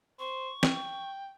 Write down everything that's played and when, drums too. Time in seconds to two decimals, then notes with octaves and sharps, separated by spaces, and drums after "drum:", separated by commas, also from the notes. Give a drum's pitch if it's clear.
0.19 C5 C#6
0.63 G5, drum: snare